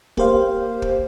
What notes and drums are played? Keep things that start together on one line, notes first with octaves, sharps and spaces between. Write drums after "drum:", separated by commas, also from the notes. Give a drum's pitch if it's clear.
A#3 G4 C5 F5, drum: kick
drum: kick